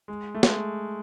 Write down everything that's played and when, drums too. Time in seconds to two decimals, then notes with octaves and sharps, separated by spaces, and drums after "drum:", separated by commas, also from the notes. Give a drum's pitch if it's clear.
0.08 G#3
0.34 A3
0.43 G#3, drum: snare